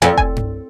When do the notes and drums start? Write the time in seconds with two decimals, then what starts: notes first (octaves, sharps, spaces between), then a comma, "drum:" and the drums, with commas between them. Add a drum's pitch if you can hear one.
0.02 F2 G#5
0.17 G#5, drum: kick F1
0.36 drum: tom G2